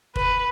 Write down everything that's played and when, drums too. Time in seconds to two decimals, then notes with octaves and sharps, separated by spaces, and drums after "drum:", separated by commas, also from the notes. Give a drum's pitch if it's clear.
0.16 B4, drum: kick